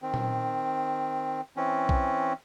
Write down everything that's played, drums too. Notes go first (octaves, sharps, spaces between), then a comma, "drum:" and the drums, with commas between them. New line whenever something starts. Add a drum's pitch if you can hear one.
D#3 C4
drum: tom A#2
E3 C4 C#4
drum: kick A#1